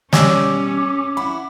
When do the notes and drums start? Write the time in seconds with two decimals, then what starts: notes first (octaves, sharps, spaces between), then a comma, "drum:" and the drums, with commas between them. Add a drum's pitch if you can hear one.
0.13 B2 G3 C#4 C#5 G#5 D6 E6, drum: snare
1.17 E4 F#5 B5